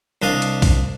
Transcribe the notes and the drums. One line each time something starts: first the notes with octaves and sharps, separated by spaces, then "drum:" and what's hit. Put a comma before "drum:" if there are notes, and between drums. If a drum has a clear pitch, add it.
C2 D4 D#5 F5
drum: hi-hat
drum: kick B1, open hi-hat